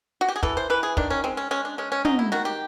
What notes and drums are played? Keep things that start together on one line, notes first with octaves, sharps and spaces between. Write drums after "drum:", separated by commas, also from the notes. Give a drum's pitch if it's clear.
F#4
G4
G#4
E3 A4, drum: kick
C5
E3 B4
G#4
D#3 D4, drum: kick
C#4
G#3 C4
C#4
G#3 C#4
D4
G#3 C#4
C#4
F#3 D#4, drum: tom
E4
D#3 F#4
G4